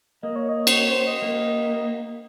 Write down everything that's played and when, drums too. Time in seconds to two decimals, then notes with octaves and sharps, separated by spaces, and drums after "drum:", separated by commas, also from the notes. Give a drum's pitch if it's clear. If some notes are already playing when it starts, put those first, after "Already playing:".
0.22 A#3 D#5
0.36 C#5
0.49 D#5
0.67 C5, drum: cymbal
0.72 C#5
0.89 C5
1.06 D#5
1.22 A#3